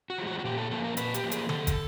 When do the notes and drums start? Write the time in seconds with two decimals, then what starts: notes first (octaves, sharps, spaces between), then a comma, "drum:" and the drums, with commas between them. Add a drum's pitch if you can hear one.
0.10 F#4
0.18 F3 G#3
0.27 F#4
0.39 F#4
0.44 A#2 G4
0.58 A4
0.71 F3 A#3 A4
0.84 A#4
0.97 A#2 B4, drum: hi-hat
1.14 G4, drum: hi-hat
1.24 F3 A#3
1.32 G#4, drum: hi-hat
1.49 C3 A4, drum: tom D3
1.67 drum: kick, hi-hat